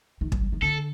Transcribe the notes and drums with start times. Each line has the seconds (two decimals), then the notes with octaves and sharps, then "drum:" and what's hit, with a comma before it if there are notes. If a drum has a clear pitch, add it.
0.21 D#3
0.32 F#3, drum: kick
0.41 G3
0.52 D#3
0.62 D3 A4